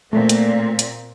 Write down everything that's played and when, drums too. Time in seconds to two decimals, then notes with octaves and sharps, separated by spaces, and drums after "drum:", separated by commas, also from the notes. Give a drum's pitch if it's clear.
0.13 A#2 A3 C4
0.29 drum: hi-hat
0.79 drum: hi-hat